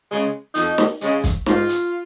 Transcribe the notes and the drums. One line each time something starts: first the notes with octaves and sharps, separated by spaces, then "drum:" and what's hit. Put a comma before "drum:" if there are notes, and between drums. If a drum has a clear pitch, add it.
C#3 G#3
F2 D#4, drum: hi-hat
drum: snare
C#3 G#3, drum: hi-hat
drum: kick, hi-hat
G#2 F4, drum: snare
drum: hi-hat